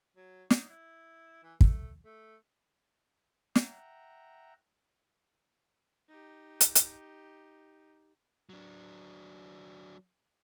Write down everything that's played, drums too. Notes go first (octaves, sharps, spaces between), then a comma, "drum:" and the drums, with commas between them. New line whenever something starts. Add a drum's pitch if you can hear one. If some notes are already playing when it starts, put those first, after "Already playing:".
F#3
D#4, drum: snare
E4
E3
A3, drum: kick
A3
E5 F#5 G5 A#5, drum: snare
D#4 G4
drum: hi-hat
drum: hi-hat
F#3 D4